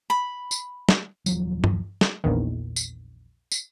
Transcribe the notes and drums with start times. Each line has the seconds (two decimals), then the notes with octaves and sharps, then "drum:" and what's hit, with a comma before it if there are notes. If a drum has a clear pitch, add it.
0.10 B5
0.51 drum: tambourine
0.89 drum: snare
1.26 D#1 F3 F#3, drum: tambourine
1.64 drum: tom G2
2.01 drum: snare
2.24 A#1 E2 D#3
2.76 drum: tambourine
3.52 drum: tambourine